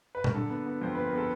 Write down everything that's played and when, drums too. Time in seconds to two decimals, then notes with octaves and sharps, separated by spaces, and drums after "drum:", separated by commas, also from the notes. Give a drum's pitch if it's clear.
0.15 B4
0.24 A#4, drum: tom A#2
0.34 D3 A4
0.50 B3
0.66 B3
0.82 F2 C5
0.95 B3 B4
1.06 A#4
1.13 B3 A4